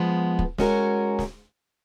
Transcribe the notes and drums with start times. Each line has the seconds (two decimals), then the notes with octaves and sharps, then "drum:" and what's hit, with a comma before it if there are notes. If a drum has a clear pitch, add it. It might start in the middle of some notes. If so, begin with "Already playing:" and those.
Already playing: F3 G#3 B3
0.39 drum: kick
0.58 G#3 C#4 F#4 A#4, drum: snare
1.19 drum: snare